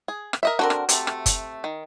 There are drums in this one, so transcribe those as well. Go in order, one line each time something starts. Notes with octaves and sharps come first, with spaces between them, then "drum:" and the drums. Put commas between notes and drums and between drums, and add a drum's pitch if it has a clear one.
G#4
drum: rim click
A#4 D#5 E5
D3 C4 F#4 A#4
drum: rim click
C3 A3, drum: hi-hat
drum: rim click
drum: kick F#1, hi-hat
D#3